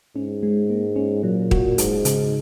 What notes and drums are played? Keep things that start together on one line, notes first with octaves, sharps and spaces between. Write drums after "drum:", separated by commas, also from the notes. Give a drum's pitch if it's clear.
G#2 C#4
G#3
A#3
C#4
A#2 F#3
F#4, drum: kick D#1
G#2 D#4, drum: hi-hat
C#3, drum: hi-hat